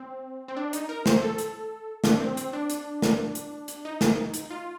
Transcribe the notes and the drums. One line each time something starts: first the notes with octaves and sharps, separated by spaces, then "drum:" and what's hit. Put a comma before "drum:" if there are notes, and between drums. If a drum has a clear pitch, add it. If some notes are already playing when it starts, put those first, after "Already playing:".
Already playing: C4
C4
D4
D#4, drum: hi-hat
A#4
C5, drum: snare
A4
drum: hi-hat
D4, drum: snare
C4
C4, drum: hi-hat
D4
drum: hi-hat
drum: snare
drum: hi-hat
drum: hi-hat
D#4
drum: snare
drum: hi-hat
F4